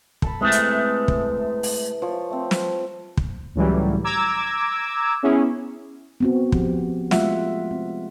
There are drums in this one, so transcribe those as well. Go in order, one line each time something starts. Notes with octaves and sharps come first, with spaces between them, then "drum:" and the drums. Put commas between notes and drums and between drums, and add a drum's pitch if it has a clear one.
A4 A5 B5, drum: kick
C3 E3 G#3 A3
drum: hi-hat
drum: kick
drum: open hi-hat
F3 C#5
A3 C4
drum: snare
drum: kick
C#2 A2 E3 F#3 G3
A#5 D6 E6 G#6
B3 C#4 E4 G#4
B3 C4 F#4
F3 G4, drum: kick
G#3 A3 F4 E5 F#5, drum: snare
C4